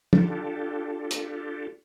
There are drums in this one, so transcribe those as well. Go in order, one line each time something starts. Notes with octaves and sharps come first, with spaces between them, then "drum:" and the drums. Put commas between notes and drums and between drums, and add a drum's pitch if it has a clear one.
D4 F4 G4 A4, drum: tom
drum: hi-hat